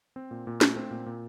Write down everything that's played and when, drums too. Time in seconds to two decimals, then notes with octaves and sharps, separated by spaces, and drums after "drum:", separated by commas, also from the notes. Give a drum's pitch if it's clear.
0.16 C4
0.31 A#2
0.47 A#2
0.61 A3, drum: snare
0.76 C4
0.91 A#2
1.06 A#2